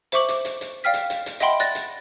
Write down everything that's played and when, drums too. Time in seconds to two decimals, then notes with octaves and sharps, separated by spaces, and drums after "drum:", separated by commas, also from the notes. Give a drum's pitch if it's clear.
0.12 C5 E5 C#6 D6 F#7, drum: hi-hat
0.29 drum: hi-hat
0.45 drum: hi-hat
0.61 drum: hi-hat
0.84 D5 F5 G5 F6 B6
0.94 drum: hi-hat
1.10 drum: hi-hat
1.26 drum: hi-hat
1.40 D#5 E5 F#5 G5 B5 C6, drum: hi-hat
1.60 D5 F#6 A6 A#6, drum: hi-hat
1.75 drum: hi-hat